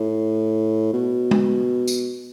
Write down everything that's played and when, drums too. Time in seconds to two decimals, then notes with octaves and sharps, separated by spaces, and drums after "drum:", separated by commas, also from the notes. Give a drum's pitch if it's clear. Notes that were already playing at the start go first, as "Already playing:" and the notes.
Already playing: A2
0.93 B2
1.31 drum: tom
1.88 drum: tambourine